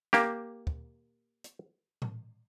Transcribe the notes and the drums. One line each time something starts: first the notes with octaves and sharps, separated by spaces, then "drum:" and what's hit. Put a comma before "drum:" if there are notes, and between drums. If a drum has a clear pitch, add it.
A#3 G4, drum: snare
drum: kick
drum: hi-hat
drum: tom A2